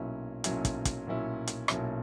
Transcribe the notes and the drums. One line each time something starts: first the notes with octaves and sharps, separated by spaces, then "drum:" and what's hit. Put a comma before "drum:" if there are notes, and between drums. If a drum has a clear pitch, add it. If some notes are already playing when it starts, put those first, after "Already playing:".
Already playing: B1 A#2 F#3 C#4 E4
B1 A#2 F#3 C#4 E4, drum: hi-hat
drum: kick, hi-hat
drum: kick, hi-hat
B1 A#2 F#3 C#4 E4
drum: hi-hat
B1 A#2 F#3 C#4 E4, drum: rim click